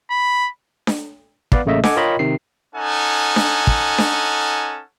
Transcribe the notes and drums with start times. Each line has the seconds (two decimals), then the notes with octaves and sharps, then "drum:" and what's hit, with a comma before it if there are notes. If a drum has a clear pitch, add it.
0.11 B5
0.87 drum: snare D4
1.52 B3 B4 D5 F5, drum: kick
1.66 A1 C#3 A3 A#3 D#5 E5
1.84 A4 D#5 F#5 G#5 D6 G#6, drum: snare D4
1.96 F4 A#4 C#5 D#5 G5 B5
2.19 C3 D#3 C7
2.74 C#4 D#4 A4 F#5 G#5
3.36 drum: snare D4
3.67 drum: kick
3.98 drum: snare D4